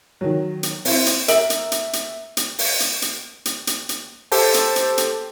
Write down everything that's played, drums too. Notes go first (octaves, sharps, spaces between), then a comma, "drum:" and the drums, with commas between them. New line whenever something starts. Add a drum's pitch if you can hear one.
D#3 F#3
drum: hi-hat
C4 E4, drum: open hi-hat
drum: hi-hat
A#4 E5 D7 F#7, drum: hi-hat
drum: hi-hat
drum: hi-hat
drum: hi-hat
drum: hi-hat
drum: open hi-hat
drum: hi-hat
drum: hi-hat
drum: hi-hat
drum: hi-hat
drum: hi-hat
G4 A4 C5 G5 A5, drum: open hi-hat
drum: hi-hat
drum: hi-hat
drum: hi-hat